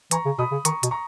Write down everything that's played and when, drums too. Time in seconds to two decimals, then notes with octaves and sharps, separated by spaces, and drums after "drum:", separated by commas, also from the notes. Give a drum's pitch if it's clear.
0.11 E3 A#5 C#6, drum: hi-hat
0.25 C#3
0.38 B2 B5 D#6
0.52 C#3
0.65 D#3 A#5 C#6, drum: hi-hat
0.83 B2, drum: hi-hat
0.91 A#5 C#6